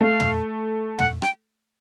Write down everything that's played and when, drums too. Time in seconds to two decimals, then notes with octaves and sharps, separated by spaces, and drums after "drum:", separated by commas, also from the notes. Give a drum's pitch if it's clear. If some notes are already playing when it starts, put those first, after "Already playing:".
0.01 A3 F5
0.20 drum: tom
0.99 F#5, drum: tom
1.22 G5, drum: rim click